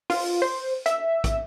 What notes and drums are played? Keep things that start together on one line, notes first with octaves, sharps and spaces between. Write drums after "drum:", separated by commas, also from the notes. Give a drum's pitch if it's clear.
F4, drum: open hi-hat
C5
E5, drum: hi-hat
drum: kick, hi-hat